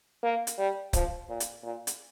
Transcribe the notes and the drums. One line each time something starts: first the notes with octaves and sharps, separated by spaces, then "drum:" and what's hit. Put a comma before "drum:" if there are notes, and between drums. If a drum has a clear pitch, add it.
A#3
drum: hi-hat
G3
F3, drum: kick C#1, hi-hat
A#2
drum: hi-hat
A#2
drum: hi-hat